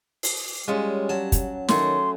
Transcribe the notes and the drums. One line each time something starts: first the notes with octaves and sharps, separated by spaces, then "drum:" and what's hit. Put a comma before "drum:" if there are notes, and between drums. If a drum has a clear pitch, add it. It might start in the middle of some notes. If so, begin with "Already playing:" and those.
drum: open hi-hat
G3 G#3 C#4 F4
F#3 A5
drum: kick, hi-hat
D#3 F#3 A3 C#4 C6, drum: snare